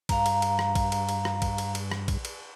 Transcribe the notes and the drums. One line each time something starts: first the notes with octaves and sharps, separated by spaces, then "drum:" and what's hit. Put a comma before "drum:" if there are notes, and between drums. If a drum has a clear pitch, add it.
G2 F5 A#5, drum: kick, cymbal
drum: cymbal
drum: cymbal
drum: rim click
drum: kick, cymbal
drum: cymbal
drum: cymbal
drum: rim click
drum: kick, cymbal
drum: cymbal
drum: cymbal
drum: rim click
drum: kick, cymbal
drum: cymbal